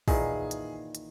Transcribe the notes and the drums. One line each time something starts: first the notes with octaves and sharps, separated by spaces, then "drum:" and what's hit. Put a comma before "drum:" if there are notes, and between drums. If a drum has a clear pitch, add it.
A#2 D#3 E3 G#4, drum: kick, open hi-hat
drum: hi-hat
drum: hi-hat